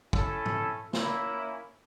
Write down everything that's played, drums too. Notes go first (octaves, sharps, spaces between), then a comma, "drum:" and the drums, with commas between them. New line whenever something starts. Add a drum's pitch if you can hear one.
C#4 E4 A4, drum: kick
drum: tom G#2
A#3 C#4 E4, drum: snare